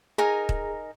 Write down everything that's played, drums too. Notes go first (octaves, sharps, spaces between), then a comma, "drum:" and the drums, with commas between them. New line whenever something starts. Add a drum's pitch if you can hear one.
D#4 G#4 A#4 G#5
drum: kick